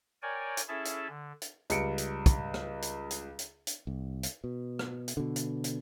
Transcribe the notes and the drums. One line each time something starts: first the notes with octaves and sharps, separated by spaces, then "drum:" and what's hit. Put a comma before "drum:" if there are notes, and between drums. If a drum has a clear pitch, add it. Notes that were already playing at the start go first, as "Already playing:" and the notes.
A#4 C#5 D5 G5 G#5
drum: hi-hat
C#4 E4 G#4 A4 E5 A5
drum: hi-hat
D3
drum: hi-hat
C#2 G3 C#7 D7, drum: hi-hat
drum: hi-hat
drum: kick, hi-hat
drum: rim click
drum: hi-hat
drum: hi-hat
drum: hi-hat
drum: hi-hat
C2
drum: hi-hat
B2
drum: rim click
drum: hi-hat
B2 D3
drum: hi-hat
drum: hi-hat